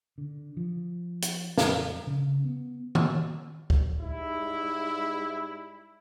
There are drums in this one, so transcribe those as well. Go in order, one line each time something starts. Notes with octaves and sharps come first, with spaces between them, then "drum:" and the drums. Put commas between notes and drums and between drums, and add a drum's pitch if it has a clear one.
D3
F3
drum: hi-hat
F2, drum: snare
C#3
B3
drum: tom D#3
drum: kick
G#2 G3 E4